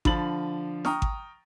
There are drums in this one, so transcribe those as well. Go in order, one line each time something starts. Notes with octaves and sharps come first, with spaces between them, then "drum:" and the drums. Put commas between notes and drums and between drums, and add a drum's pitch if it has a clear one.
D3 F3 B5 A6 F#7, drum: kick G#1
G5 A#5 C#6 D#6 F6, drum: snare
drum: kick G#1